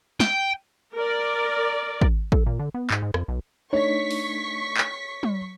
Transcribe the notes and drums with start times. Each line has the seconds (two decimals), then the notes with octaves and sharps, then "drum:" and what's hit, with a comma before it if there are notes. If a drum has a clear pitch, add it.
0.20 G5, drum: snare
0.96 A#4 D5
2.01 drum: kick
2.32 A4, drum: kick
2.46 A#2
2.59 D3
2.74 B3
2.90 G#2, drum: clap
3.02 G#2
3.14 F2, drum: rim click
3.28 B1
3.73 A3 D4 D#4 C#5 C#6 B6
4.11 drum: open hi-hat
4.77 drum: clap
5.23 drum: tom